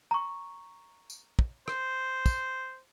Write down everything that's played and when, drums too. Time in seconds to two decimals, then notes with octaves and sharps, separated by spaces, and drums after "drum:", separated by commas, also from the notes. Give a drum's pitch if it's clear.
0.11 A#5 C#6
1.10 drum: tambourine
1.39 drum: kick
1.68 C5, drum: rim click
2.26 drum: kick, tambourine